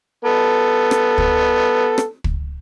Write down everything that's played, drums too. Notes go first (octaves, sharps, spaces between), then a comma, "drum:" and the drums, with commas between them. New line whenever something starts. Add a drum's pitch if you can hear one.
B3 A4
drum: rim click
drum: kick
drum: rim click
drum: kick